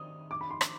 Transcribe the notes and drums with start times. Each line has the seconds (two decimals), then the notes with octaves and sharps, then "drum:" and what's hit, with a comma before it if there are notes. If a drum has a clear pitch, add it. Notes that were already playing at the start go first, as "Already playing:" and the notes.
Already playing: D#3 G3 C4 D#6
0.31 D6
0.41 B5
0.51 C6
0.61 drum: rim click